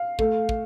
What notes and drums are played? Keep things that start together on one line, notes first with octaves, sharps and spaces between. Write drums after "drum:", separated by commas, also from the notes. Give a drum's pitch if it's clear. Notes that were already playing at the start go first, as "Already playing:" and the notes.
Already playing: F5
A3, drum: kick
drum: kick